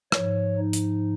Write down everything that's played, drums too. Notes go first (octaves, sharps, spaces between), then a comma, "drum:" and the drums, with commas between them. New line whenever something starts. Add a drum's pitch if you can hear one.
G#2 F3 C#5, drum: rim click
D#4
drum: hi-hat